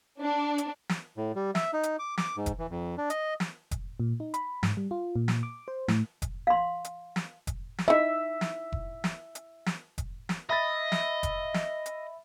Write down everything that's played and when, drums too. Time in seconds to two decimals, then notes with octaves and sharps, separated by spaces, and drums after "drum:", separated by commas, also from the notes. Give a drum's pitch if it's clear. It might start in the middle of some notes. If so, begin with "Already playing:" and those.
0.21 D4
0.58 drum: hi-hat
0.89 drum: snare
1.17 A2
1.36 G3
1.55 E5, drum: snare
1.73 D#4
1.83 drum: hi-hat
1.99 D6
2.18 D6, drum: snare
2.37 G#2
2.46 drum: kick F1, hi-hat
2.59 E3
2.71 F2
2.98 D4
3.10 D#5, drum: hi-hat
3.40 drum: snare
3.71 drum: kick F1, hi-hat
4.00 A#2
4.20 D#4
4.34 B5, drum: hi-hat
4.63 G#2, drum: snare
4.77 G3
4.91 F4
5.16 A#2
5.28 drum: snare
5.43 D6
5.68 C5
5.88 A2, drum: snare
6.22 drum: kick F1, hi-hat
6.47 F5 C6
6.85 drum: hi-hat
7.16 drum: snare
7.47 drum: kick F1, hi-hat
7.78 drum: snare
7.88 D#4 E4 E5
8.41 drum: snare
8.72 drum: kick F1
9.04 drum: snare
9.35 drum: hi-hat
9.66 drum: snare
9.98 drum: kick F1, hi-hat
10.29 drum: snare
10.50 D#5 E5 B5 A6
10.92 drum: snare
11.23 drum: kick F1, hi-hat
11.54 drum: snare
11.86 drum: hi-hat